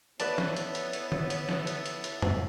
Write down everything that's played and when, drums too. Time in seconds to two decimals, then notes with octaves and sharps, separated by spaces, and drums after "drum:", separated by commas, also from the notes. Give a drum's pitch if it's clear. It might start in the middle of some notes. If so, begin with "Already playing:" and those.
0.20 B3 E4 A4 B4 C#5 D5 A5, drum: hi-hat
0.38 drum: snare
0.56 drum: hi-hat
0.75 drum: hi-hat
0.93 drum: hi-hat
1.12 drum: tom D3
1.30 drum: hi-hat
1.49 drum: snare
1.67 drum: hi-hat
1.86 drum: hi-hat
2.04 drum: hi-hat
2.22 drum: tom